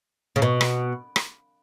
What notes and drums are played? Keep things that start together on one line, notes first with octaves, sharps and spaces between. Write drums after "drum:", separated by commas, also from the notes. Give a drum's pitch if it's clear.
C#3
B2
drum: rim click
drum: rim click